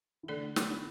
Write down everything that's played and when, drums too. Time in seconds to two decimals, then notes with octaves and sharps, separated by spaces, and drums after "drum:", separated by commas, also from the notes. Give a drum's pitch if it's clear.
0.23 E3
0.28 D3 A3 D4 A4 D5
0.56 B3, drum: snare